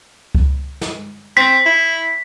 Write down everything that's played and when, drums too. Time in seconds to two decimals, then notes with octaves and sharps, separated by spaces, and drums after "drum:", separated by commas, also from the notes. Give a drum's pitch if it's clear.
0.35 drum: kick C#2
0.81 drum: snare
1.37 C4 B6
1.66 E4